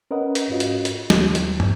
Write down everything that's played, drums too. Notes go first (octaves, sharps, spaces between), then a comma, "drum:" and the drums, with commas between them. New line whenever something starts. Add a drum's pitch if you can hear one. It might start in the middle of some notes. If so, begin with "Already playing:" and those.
C#4 A#4 B4 D#5 F#5
drum: hi-hat
G#2 C#4 F4 F#4 D#5
drum: hi-hat
drum: hi-hat
D#2 F#3, drum: snare
drum: hi-hat
drum: tom